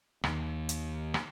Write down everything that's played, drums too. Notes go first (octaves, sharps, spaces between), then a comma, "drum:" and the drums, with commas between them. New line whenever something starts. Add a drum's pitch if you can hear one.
D#2 D#3, drum: rim click
drum: hi-hat
drum: rim click